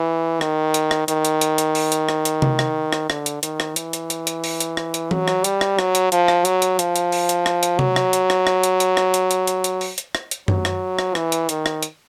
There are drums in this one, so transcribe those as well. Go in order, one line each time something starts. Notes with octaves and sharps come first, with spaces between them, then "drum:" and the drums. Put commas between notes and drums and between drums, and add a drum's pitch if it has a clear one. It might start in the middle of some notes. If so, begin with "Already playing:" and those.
Already playing: E3
D#3, drum: rim click
drum: hi-hat
drum: rim click
D#3, drum: hi-hat
drum: hi-hat
drum: hi-hat
drum: hi-hat
drum: open hi-hat
drum: hi-hat
drum: rim click
drum: hi-hat
drum: tom C3
drum: rim click
drum: rim click
D3, drum: rim click
drum: hi-hat
D#3, drum: hi-hat
drum: rim click
E3, drum: hi-hat
drum: hi-hat
drum: hi-hat
drum: hi-hat
drum: open hi-hat
drum: hi-hat
drum: rim click
drum: hi-hat
F#3, drum: tom E3
drum: rim click
G3, drum: hi-hat
drum: rim click
F#3, drum: rim click
drum: hi-hat
F3, drum: hi-hat
drum: rim click
F#3, drum: hi-hat
drum: hi-hat
F3, drum: hi-hat
drum: hi-hat
drum: open hi-hat
drum: hi-hat
drum: rim click
drum: hi-hat
F#3, drum: tom C3
drum: rim click
drum: hi-hat
drum: rim click
drum: rim click
drum: hi-hat
drum: hi-hat
drum: rim click
drum: hi-hat
drum: hi-hat
drum: hi-hat
drum: hi-hat
drum: open hi-hat
drum: hi-hat
drum: rim click
drum: hi-hat
F#3, drum: tom F#2
drum: rim click
drum: rim click
E3, drum: rim click
drum: hi-hat
D#3, drum: hi-hat
drum: rim click
drum: hi-hat